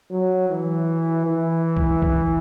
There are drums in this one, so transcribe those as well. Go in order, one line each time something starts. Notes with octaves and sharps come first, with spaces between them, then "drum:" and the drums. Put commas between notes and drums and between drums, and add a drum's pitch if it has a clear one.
F#3
E3
E3
drum: kick B1
drum: kick B1